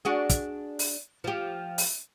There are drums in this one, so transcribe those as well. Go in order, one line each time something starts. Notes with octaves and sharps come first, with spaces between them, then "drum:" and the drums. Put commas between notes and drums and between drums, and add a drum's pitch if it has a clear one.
D4 F#4 G#4
drum: kick, hi-hat
drum: open hi-hat
F3 G4
drum: open hi-hat